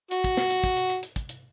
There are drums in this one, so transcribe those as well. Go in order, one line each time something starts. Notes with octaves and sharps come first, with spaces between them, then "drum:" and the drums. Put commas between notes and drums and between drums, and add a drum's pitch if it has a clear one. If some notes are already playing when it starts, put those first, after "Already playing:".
F#4, drum: hi-hat
drum: kick, hi-hat
drum: snare
drum: hi-hat
drum: kick, hi-hat
drum: hi-hat
drum: hi-hat
drum: hi-hat
drum: kick, hi-hat
drum: hi-hat